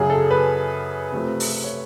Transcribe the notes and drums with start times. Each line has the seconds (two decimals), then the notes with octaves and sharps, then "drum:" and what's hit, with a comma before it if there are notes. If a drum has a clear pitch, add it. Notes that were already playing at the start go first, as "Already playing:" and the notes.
Already playing: F#2 C#3 F#3 G#4
0.10 A4
0.31 B4
1.12 C3 F3 A3
1.40 drum: open hi-hat
1.64 C#5